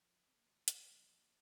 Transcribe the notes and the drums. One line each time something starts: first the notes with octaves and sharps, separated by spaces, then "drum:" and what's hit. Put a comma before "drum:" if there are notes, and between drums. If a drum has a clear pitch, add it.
A#1 F3
G#2 C4
A#3
A#1 D#3 G#3
G#2, drum: hi-hat
A#1 F3 A#3
G#2
F3